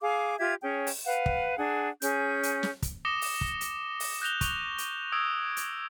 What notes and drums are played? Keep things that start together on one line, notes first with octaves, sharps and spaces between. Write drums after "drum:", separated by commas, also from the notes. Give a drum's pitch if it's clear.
G#4 F5 D6
F4 G4 E5 G#6
C#4 G#4 C#5 G5
drum: open hi-hat
B4 F5 F#5
drum: kick
D4 G#4 F#5
C#4 G#4 G6, drum: hi-hat
drum: hi-hat
drum: snare
drum: kick, hi-hat
D6 D#6 A#6 C#7 E7 G7
drum: open hi-hat
drum: kick
drum: hi-hat
drum: open hi-hat
F#6 G6 A#6 E7 F7 G7
C#6 F7 G7, drum: kick, hi-hat
drum: hi-hat
D#6 E6 G#6 D7
drum: hi-hat